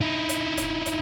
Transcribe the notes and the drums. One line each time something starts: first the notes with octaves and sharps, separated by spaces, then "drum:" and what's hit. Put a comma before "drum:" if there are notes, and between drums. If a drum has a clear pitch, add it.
D#4 E4
drum: hi-hat
drum: kick, hi-hat
drum: hi-hat